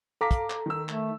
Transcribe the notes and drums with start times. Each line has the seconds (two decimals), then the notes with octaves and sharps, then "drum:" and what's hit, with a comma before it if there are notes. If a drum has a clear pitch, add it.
0.21 A4 F5 A#5 D6 B6
0.31 drum: kick, hi-hat
0.50 drum: clap
0.66 D#3 E6
0.89 A3, drum: clap